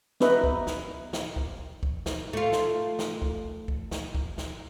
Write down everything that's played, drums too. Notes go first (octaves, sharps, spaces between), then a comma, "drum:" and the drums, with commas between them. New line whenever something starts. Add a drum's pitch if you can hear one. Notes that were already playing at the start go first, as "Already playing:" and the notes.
B3 D#4 B4 D#5 E5, drum: snare
drum: kick
drum: snare
drum: snare
drum: kick
drum: kick
drum: snare
A3 F4
drum: snare
drum: snare
drum: kick
drum: kick
drum: snare
drum: kick
drum: snare